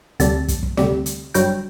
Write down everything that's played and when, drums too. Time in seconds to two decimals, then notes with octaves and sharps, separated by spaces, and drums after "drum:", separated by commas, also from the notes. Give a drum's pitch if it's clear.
0.20 D2 C3 G3 A5, drum: hi-hat
0.48 drum: kick, hi-hat
0.63 drum: kick
0.77 D2 C3 G3, drum: snare
1.06 drum: hi-hat
1.34 G1 G2 F#3 G5, drum: hi-hat